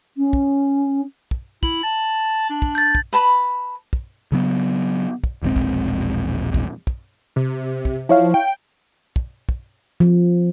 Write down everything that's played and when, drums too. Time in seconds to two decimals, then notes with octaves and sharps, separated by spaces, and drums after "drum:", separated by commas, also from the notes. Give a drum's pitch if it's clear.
0.17 C#4
0.33 drum: kick
1.31 drum: kick
1.63 E4 F#7, drum: kick
1.83 A5
2.50 D4
2.62 drum: kick
2.75 G6 A6
2.95 drum: kick
3.13 B4 A5 B5
3.93 drum: kick
4.32 C#3 F#3 B3
5.24 drum: kick
5.43 E1 A#1 G#3 C4
5.56 drum: kick
6.54 drum: kick
6.87 drum: kick
7.36 C3
7.85 drum: kick
8.09 F3 E4 C#5 F5
8.34 G5
9.16 drum: kick
9.49 drum: kick
10.00 F3